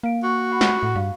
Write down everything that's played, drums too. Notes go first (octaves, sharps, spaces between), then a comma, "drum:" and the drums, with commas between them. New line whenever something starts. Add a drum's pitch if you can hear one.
A#3 F5 D7
F#4 C#6
F#5 B5
drum: snare
A2
G2 F5